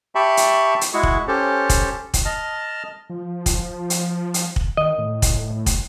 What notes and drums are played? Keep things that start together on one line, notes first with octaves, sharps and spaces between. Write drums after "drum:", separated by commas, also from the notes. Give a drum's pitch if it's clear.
G4 E5 G5 A5 B5 C#6
drum: hi-hat
drum: hi-hat
G#3 E4 F#4 G#4 C#6
drum: kick
C#4 G4 A4 C5
drum: kick, hi-hat
drum: kick, hi-hat
D#5 A5 F6
F3
drum: kick, hi-hat
drum: hi-hat
drum: hi-hat
drum: kick
D#3 D#5
A2
drum: kick, hi-hat
drum: kick, hi-hat